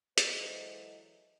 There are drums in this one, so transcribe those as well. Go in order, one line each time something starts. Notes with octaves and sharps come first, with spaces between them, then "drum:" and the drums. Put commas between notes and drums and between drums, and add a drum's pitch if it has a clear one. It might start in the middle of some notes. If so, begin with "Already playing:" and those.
E3 F#3 G#3 A4 C5 D#5, drum: hi-hat